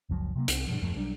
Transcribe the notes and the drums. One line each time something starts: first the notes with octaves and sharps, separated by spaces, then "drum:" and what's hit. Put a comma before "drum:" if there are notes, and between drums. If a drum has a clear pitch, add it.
F#1 C#2 F3 F#3
C3 F#3 A3 A#3
C2 C4, drum: hi-hat
G2 B2 F3
D#1 F#2 F3 A3
B1 F#3 G3 D4